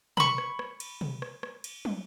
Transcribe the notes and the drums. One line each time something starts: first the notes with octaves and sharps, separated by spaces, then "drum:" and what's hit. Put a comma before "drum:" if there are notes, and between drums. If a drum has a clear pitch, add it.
B5 C#6, drum: tom
drum: rim click
drum: rim click
drum: cymbal
drum: tom
drum: rim click
drum: rim click
drum: cymbal
drum: tom